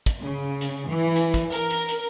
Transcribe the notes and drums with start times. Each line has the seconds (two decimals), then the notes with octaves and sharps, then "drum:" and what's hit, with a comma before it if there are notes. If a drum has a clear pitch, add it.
0.06 drum: kick, hi-hat
0.21 C#3
0.61 drum: hi-hat
0.89 E3
1.16 drum: hi-hat
1.34 drum: kick, hi-hat
1.52 A#4, drum: hi-hat
1.71 drum: hi-hat
1.89 drum: hi-hat